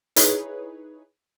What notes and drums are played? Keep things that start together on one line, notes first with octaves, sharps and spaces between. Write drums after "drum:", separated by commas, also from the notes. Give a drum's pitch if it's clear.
D#4 E4 G#4 B4 C#5, drum: hi-hat